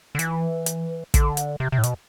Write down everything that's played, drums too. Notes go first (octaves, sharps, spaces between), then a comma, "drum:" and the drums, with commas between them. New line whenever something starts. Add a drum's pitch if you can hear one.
D3
E3, drum: hi-hat
drum: hi-hat
D3, drum: kick, hi-hat
drum: hi-hat
C3
C3
A2
B2, drum: hi-hat